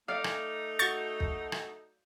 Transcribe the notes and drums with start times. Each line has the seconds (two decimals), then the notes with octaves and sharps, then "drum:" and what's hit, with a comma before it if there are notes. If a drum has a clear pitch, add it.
0.08 A3 D#4 A4 D5 F5
0.24 drum: rim click
0.79 F#4 C#6 G6 A6
1.20 drum: kick
1.52 drum: rim click